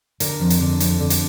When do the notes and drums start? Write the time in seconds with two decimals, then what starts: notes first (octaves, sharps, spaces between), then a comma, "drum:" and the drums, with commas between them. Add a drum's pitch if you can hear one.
0.20 D3 A#4, drum: hi-hat
0.40 F2
0.50 drum: hi-hat
0.60 D3
0.80 F2, drum: hi-hat
1.01 D3
1.10 drum: hi-hat